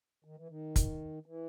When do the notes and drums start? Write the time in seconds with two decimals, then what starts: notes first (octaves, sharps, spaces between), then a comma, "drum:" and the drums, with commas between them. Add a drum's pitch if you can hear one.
0.25 D#3
0.37 E3
0.49 D#3
0.76 drum: kick, hi-hat
1.26 E3